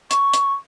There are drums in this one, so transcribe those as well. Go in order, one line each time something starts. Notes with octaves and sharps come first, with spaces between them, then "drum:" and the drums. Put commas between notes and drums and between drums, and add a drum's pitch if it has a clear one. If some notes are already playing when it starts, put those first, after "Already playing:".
C#6, drum: hi-hat
drum: hi-hat